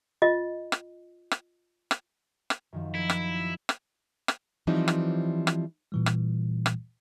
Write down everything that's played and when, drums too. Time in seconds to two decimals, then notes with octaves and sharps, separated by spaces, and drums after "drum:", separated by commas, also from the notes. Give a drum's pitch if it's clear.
0.22 F4 D#5
0.72 drum: rim click
1.31 drum: rim click
1.91 drum: rim click
2.50 drum: rim click
2.73 F#2 D#3 F3
2.95 E4 A#4
3.10 drum: rim click
3.69 drum: rim click
4.28 drum: rim click
4.67 E3 F3 G3 C4 D#4
4.88 drum: rim click
5.47 drum: rim click
5.92 A#2 E3 G3
6.06 drum: rim click
6.66 drum: rim click